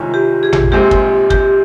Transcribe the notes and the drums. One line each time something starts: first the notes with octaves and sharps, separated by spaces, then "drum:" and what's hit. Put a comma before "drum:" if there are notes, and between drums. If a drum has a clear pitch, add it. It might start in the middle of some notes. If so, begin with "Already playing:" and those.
Already playing: C2 C3 D#3 G#3 C#4 F4
G4
G#4
drum: tom A1
A#1 A#2 G#3 C4 G4
drum: kick
G4, drum: kick